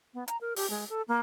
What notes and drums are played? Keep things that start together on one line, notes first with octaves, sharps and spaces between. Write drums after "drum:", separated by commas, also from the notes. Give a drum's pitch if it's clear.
B3
A#5, drum: hi-hat
A#4
G4, drum: open hi-hat
G#3
A4
A#3